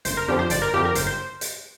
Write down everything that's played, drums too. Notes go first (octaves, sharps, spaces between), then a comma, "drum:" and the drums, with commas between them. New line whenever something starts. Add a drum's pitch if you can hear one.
G1 C5, drum: hi-hat
A#4
F2 D3 F3 G4
C5
G1 D5, drum: hi-hat
A#4
F2 D3 F3 G4
A#4
G1 C5, drum: hi-hat
C5
drum: hi-hat